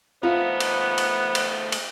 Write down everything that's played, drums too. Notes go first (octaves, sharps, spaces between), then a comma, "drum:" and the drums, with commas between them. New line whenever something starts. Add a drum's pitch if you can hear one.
A3 B3 D#4 F4 C5
drum: cymbal
drum: cymbal
drum: cymbal
drum: cymbal